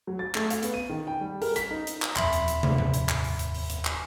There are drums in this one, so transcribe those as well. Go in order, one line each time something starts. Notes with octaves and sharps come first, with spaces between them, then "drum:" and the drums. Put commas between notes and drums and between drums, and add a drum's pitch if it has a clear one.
F#3
A6
A3, drum: clap
F5, drum: hi-hat
B3, drum: hi-hat
D#7
D#3
G5
G3
A#4, drum: open hi-hat
B6, drum: hi-hat
D#4
drum: hi-hat
drum: clap
D#1 F2 E5 B5 C6, drum: clap
drum: hi-hat
drum: hi-hat
drum: tom
drum: tom
drum: hi-hat
drum: clap
drum: open hi-hat
drum: hi-hat
drum: open hi-hat
drum: hi-hat
drum: clap